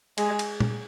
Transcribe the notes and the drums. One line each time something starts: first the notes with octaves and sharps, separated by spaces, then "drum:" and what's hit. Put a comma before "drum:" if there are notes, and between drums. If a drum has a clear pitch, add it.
G#3, drum: cymbal
drum: cymbal
drum: tom